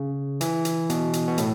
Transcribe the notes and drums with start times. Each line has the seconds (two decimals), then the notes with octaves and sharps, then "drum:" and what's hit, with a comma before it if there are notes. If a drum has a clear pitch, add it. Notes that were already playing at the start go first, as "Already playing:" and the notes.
Already playing: C#3
0.41 E3, drum: hi-hat
0.65 drum: hi-hat
0.90 B2, drum: hi-hat
1.13 drum: hi-hat
1.28 B2
1.38 A2, drum: hi-hat